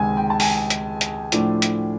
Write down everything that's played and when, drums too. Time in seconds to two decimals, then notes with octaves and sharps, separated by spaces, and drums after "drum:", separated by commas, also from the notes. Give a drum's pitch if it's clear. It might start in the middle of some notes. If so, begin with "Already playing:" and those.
Already playing: C#2 C3 D#3 G#3 G#5
0.17 G5
0.30 A5
0.40 G#5, drum: open hi-hat
0.70 drum: hi-hat
1.01 drum: hi-hat
1.32 A2 F3 A3 D4, drum: hi-hat
1.62 drum: hi-hat